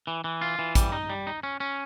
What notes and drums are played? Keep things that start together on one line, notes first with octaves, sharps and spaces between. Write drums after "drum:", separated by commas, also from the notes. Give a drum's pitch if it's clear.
E3
E3
F4
E3
G3, drum: kick A1, hi-hat
D#4
G3
D#4
C#4
C#4